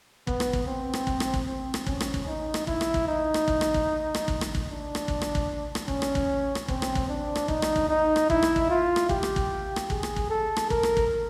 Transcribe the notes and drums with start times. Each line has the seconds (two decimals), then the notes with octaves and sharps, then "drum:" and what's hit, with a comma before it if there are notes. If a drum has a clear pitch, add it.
0.27 B3, drum: kick
0.40 drum: rim click
0.53 drum: kick
0.67 C4
0.93 drum: rim click
1.07 drum: kick
1.20 drum: rim click
1.34 drum: kick
1.47 C4
1.74 drum: rim click
1.87 C#4, drum: kick
2.00 drum: rim click
2.14 drum: kick
2.27 D#4
2.54 drum: rim click
2.67 E4, drum: kick
2.81 drum: rim click
2.94 drum: kick
3.07 D#4
3.34 drum: rim click
3.48 drum: kick
3.61 drum: rim click
3.74 drum: kick
4.14 drum: rim click
4.28 drum: kick
4.41 drum: rim click
4.55 drum: kick
4.68 D4
4.95 drum: rim click
5.08 drum: kick
5.21 drum: rim click
5.35 drum: kick
5.75 drum: rim click
5.88 C#4, drum: kick
6.02 drum: rim click
6.15 drum: kick
6.55 drum: rim click
6.68 C4, drum: kick
6.82 drum: rim click
6.95 drum: kick
7.09 D4
7.35 drum: rim click
7.48 D#4, drum: kick
7.62 drum: rim click
7.76 drum: kick
7.89 D#4
8.16 drum: rim click
8.30 E4, drum: kick
8.43 drum: rim click
8.56 drum: kick
8.70 F4
8.96 drum: rim click
9.09 G4, drum: kick
9.23 drum: rim click
9.36 drum: kick
9.76 drum: rim click
9.90 G#4, drum: kick
10.03 drum: rim click
10.16 drum: kick
10.30 A4
10.57 drum: rim click
10.70 A#4, drum: kick
10.83 drum: rim click
10.97 drum: kick